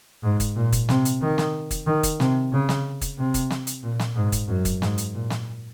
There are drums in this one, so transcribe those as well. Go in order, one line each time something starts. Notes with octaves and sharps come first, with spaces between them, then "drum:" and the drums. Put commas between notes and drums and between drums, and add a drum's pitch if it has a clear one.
G#2
drum: kick, hi-hat
A#2
drum: kick, hi-hat
C3, drum: snare
drum: hi-hat
D#3
drum: snare
drum: kick, hi-hat
D#3
drum: kick, hi-hat
C3, drum: snare
C#3
drum: snare
drum: kick, hi-hat
C3
drum: kick, hi-hat
drum: snare
drum: hi-hat
A#2
drum: snare
G#2
drum: kick, hi-hat
F#2
drum: kick, hi-hat
G#2, drum: snare
drum: hi-hat
A#2
drum: snare